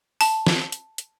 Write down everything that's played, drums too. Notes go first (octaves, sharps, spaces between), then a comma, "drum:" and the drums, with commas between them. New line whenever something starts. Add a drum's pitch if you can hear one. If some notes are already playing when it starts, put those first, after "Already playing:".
A5, drum: open hi-hat
drum: snare
drum: hi-hat
drum: hi-hat